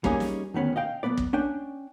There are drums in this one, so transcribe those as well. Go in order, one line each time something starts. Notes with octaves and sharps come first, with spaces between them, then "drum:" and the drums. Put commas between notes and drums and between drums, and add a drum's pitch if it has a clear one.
G3 A#3 C#4 D#4 G#4, drum: kick
drum: snare
D2 D#3 B3 C#4
D#5 F5 G5
B1 G3 B3 B4 D5
drum: kick
C#4 D4 G5